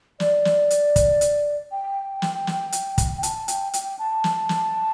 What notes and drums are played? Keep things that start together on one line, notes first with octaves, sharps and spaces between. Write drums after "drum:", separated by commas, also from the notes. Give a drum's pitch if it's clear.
D5, drum: snare
drum: snare
drum: hi-hat
drum: kick, hi-hat
drum: hi-hat
G5
drum: snare
drum: snare
drum: hi-hat
drum: kick, hi-hat
G5
A5, drum: hi-hat
G5, drum: hi-hat
G5, drum: hi-hat
A5
drum: snare
drum: snare